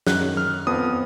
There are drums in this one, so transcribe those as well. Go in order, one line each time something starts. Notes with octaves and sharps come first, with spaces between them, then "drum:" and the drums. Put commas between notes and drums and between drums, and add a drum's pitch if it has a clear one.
F#2 D#3 F#3 F#6, drum: snare
F6
F2 F3 B3 D#6